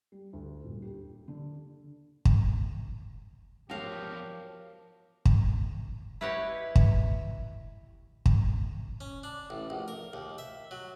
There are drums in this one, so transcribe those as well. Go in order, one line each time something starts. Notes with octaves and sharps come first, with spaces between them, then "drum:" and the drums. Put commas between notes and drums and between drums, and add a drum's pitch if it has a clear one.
G3
D2
D#1
G4
D3
drum: kick
E2 F3 F#4 G4 A#4 C#5 F5 A5
drum: kick
E4 G4 B4 C#5 D#5 F#5
drum: kick
drum: kick
C#4
D4
A1
A#1
A#4
D#2
E5
F#3